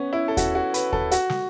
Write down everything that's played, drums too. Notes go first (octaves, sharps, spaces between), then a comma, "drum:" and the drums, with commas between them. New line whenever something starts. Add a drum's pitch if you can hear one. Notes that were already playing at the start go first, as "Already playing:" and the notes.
Already playing: B3 C#4
E4
A4
F#4, drum: kick D#2, hi-hat
F#4
B4, drum: hi-hat
A4, drum: kick D#2
F#4, drum: hi-hat
drum: snare